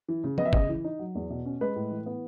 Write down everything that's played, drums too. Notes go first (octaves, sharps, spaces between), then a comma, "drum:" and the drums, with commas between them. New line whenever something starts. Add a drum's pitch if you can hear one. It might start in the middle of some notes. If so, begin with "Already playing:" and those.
E3
C#3
B3 D#5, drum: tom F3
E5
C#3 D#5, drum: kick
E3
D#4
F#3
E2
B2
C#4
G#3 B4
A2
E3
B3